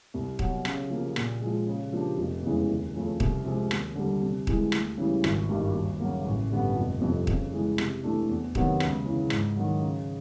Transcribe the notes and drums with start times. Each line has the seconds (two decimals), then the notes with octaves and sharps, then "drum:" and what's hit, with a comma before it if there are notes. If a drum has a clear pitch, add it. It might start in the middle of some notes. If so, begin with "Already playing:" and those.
0.14 C2
0.39 B2 F#3, drum: kick D#1
0.65 C#3, drum: rim click
0.90 F3 A#3
1.16 A#2, drum: rim click
1.41 F3 G#3
1.67 C#3
1.92 F3 A#3 D4 G4
2.18 F1
2.43 E2 C#3 E3 G#3
2.68 D#2
2.94 C#3 F3 A3 C#4
3.20 C2, drum: kick D#1
3.45 C3 F3 G#3 C4
3.71 D#2, drum: rim click
3.95 D3 G3
4.21 C3
4.47 E3 G#3, drum: kick D#1
4.72 D2, drum: rim click
4.97 C#3 E3 G3
5.24 G#1, drum: rim click
5.49 G2 D#3 G3
5.74 D#2
6.00 C#3 F#3 A#3
6.25 A1
6.51 G2 D3 G3 B3
6.77 F1
7.01 F2 C3 F3
7.27 C#3, drum: kick D#1
7.53 E3 G#3
7.78 C3, drum: rim click
8.03 E3 A3 D4
8.29 E2
8.55 C3 D#3 F#3 B3, drum: kick D#1
8.80 C#2, drum: rim click
9.05 C#3 E3
9.30 G#2, drum: rim click
9.56 D#3 F#3
9.81 C#3